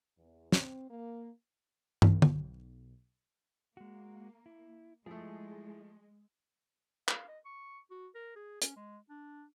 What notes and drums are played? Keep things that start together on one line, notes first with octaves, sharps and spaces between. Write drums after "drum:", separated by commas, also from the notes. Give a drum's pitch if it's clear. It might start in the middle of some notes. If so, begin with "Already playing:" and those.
E2
C4, drum: snare
A#3
B1, drum: tom
drum: tom
G#3 A#3 F#4
E4
F3 G#3 A3 E4 G#4
F5, drum: clap
D#5
C#6
F#4
A#4
G#4
C#4, drum: hi-hat
G#3
D4